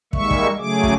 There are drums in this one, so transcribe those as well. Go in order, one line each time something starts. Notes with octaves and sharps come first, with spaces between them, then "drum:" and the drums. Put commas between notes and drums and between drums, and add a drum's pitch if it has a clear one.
D#3 G3 G#3 A#3 E5 C#6, drum: kick
drum: kick
C#3 F#3 A3 G#4 D6
drum: kick